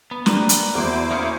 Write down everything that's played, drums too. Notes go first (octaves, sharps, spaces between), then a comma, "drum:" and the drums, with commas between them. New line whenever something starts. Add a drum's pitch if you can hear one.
B3
G3 A#3 D4 B4, drum: snare
drum: hi-hat
E2 F#3 E4 C5 D6 G6
A#3 C#4 D#6